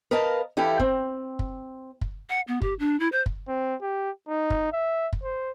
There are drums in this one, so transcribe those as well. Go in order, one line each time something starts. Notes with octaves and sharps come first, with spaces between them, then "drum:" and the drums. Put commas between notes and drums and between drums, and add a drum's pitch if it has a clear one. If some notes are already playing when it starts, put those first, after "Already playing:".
A#4 B4 D#5 F5 A5
E3 E4 G4 A4 F5
C4, drum: kick
drum: kick
drum: kick
F#5
B3
G4, drum: kick
D4
E4
C5
drum: kick
C4
G4
D#4
drum: kick
E5
drum: kick
C5